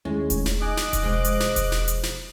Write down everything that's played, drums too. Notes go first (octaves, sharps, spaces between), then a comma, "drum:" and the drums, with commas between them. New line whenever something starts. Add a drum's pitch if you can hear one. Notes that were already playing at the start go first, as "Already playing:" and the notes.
D#2 G#3 A3 C#4 E4
drum: kick E1, hi-hat
drum: snare
D#4 D#5 G#5 D6 F#6
drum: snare
drum: kick E1, hi-hat
B2 F3 G#3
drum: hi-hat
drum: snare
drum: kick E1, hi-hat
drum: snare
drum: hi-hat
drum: snare